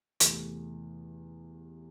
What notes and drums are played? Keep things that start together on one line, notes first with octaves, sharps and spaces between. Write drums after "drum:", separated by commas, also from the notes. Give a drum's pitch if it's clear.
E2 C3 A3, drum: hi-hat